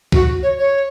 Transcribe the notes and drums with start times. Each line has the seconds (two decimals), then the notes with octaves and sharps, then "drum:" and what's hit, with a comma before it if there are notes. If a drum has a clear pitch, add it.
0.12 F#4, drum: kick
0.43 C#5
0.58 C#5